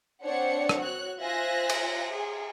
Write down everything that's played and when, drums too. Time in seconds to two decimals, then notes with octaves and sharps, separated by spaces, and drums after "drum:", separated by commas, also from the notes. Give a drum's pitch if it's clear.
0.23 C4 D4 C#5 F#5 C#7
0.69 drum: rim click
0.81 F#4 C#5 F#6
1.20 F4 C5 E5 G#5 F#6 A#6
1.69 drum: cymbal
2.13 G#4